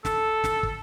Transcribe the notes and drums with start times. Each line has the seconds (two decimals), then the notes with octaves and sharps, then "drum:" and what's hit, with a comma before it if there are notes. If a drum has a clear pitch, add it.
0.05 A4, drum: snare
0.44 drum: snare
0.63 drum: kick